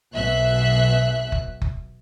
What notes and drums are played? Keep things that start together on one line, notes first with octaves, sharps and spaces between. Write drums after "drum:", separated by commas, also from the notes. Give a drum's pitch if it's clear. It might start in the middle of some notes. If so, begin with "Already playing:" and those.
B1 B2 E5 F#6
drum: kick F#1
drum: kick F#1